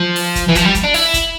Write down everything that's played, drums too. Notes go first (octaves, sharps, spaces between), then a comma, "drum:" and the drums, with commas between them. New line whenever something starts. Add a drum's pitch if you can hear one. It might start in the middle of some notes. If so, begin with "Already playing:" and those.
Already playing: F3
drum: open hi-hat
drum: kick, hi-hat
E3
F3, drum: kick, hi-hat
G3
drum: kick, hi-hat
D4
E4, drum: open hi-hat
drum: kick, hi-hat